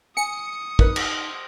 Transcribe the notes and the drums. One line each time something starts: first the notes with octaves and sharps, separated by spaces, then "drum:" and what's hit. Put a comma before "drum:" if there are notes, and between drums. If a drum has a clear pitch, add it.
G#5 D#6 C#7
D#4 A#4 B4, drum: kick
drum: cymbal